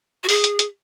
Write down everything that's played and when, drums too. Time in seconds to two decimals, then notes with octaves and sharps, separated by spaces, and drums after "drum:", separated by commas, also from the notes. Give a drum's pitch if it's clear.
0.24 F#4
0.29 G#4, drum: open hi-hat
0.44 drum: hi-hat
0.59 drum: hi-hat